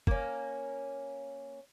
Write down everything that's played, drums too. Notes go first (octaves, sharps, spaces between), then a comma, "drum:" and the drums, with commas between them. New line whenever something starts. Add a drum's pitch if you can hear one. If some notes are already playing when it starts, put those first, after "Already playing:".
A#3 C#4, drum: kick